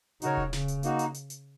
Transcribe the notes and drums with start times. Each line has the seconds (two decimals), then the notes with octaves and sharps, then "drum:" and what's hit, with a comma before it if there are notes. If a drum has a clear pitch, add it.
0.22 C#3 D#4 F#4 A#4 C#5, drum: hi-hat
0.37 drum: kick D#1
0.53 C#3, drum: snare
0.68 drum: hi-hat
0.83 A#3 D#4 F#4, drum: hi-hat
0.99 drum: hi-hat
1.14 drum: hi-hat
1.30 drum: hi-hat